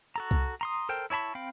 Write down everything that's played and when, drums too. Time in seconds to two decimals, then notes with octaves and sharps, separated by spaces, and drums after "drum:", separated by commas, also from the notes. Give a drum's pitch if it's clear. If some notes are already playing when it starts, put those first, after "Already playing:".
0.16 F#4 A4 A#5
0.31 drum: kick C2
0.61 A#5 C6 D#6
0.89 A4 A#4 C5 G5
1.10 E4 C#5 A5 B5 C#6
1.35 C4 F5 G5 B5